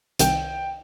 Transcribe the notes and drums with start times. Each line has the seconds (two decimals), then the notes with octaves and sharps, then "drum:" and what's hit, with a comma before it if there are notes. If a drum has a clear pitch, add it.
0.19 C2 C3 D#3 G5, drum: hi-hat